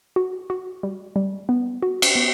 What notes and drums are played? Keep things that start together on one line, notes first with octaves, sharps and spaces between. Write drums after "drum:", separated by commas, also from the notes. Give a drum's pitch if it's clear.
F#4
F#4
G3
G3
B3
F#4
drum: cymbal
B3